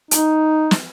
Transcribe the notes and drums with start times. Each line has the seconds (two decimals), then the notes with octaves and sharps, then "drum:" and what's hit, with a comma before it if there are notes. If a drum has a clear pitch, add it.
0.11 D#4, drum: hi-hat
0.71 drum: snare